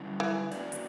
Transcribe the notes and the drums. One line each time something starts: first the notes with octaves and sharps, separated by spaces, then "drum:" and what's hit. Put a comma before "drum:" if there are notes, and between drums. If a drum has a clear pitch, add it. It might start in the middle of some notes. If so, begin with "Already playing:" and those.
Already playing: F#2 D3 G3 C#4 E4
E3
A#3 C#4 F#4 A#4 D5, drum: snare
drum: hi-hat